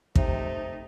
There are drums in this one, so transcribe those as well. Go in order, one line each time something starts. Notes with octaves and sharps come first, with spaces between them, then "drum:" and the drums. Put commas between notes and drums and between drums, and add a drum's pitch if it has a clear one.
C3 A3 D#4, drum: kick